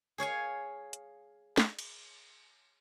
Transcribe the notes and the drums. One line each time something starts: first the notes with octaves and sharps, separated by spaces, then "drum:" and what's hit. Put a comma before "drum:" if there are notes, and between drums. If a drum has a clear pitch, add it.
G#4 C#5 F5 G#5
drum: hi-hat
drum: snare
drum: cymbal